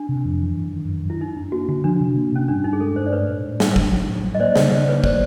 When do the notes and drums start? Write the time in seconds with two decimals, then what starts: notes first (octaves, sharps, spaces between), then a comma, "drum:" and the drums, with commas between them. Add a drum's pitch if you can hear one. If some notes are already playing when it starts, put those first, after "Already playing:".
Already playing: D4
0.09 C3
0.25 F2
0.41 E3
0.57 F#2
0.73 D#3
0.88 F#2
1.05 F#2 E4
1.20 D4 D#4
1.37 D4
1.52 A#3 F#4
1.68 D3 F#4
1.84 F3 D4
2.01 C3
2.17 A#3
2.32 C3 C#4
2.48 G2 D4
2.64 G2 D#4
2.73 G#4
2.80 G#3 A4
2.96 G2 C5
3.06 D5
3.12 A3 B4 C#5
3.29 A2
3.44 A2
3.60 A3, drum: snare
3.76 F#3, drum: kick
3.92 F#3
4.08 A2
4.24 F#3
4.35 D#5
4.40 A#3 C5 D5
4.56 C#3 C#5 D#5, drum: snare
4.72 C#3 C5 D5
4.88 A#3 B4 C#5
5.00 C#5
5.04 F#3 C5 D5, drum: kick